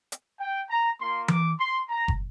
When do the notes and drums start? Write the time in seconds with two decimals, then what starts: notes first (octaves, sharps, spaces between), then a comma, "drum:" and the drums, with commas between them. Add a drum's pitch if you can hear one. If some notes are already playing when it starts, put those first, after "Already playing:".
0.12 drum: hi-hat
0.40 G5
0.69 A#5
0.99 A#3 F4 C6
1.28 D6, drum: tom E3
1.58 C6
1.89 A#5
2.08 drum: kick